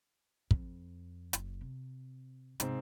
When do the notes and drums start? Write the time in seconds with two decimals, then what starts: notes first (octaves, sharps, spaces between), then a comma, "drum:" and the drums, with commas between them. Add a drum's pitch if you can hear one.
0.51 F2, drum: kick
1.33 F#1, drum: hi-hat
1.61 C3
2.60 G#2 C3 C4, drum: hi-hat